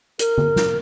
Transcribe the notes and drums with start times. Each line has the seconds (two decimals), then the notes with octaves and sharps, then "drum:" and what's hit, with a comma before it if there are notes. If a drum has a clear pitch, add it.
0.19 A#4, drum: hi-hat
0.38 drum: tom D3
0.56 drum: snare